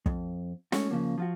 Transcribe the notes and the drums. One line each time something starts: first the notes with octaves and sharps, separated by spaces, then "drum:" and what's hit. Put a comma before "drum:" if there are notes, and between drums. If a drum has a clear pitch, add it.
F2, drum: kick
G#3 A3 C#4 F#4, drum: snare
C#3 F3 A#3
F3 F4 F#4